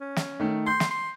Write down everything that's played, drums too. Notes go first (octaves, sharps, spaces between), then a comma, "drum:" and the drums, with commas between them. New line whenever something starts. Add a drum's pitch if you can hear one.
C#4
drum: snare
D#3 A3
C6 G6
drum: snare
C6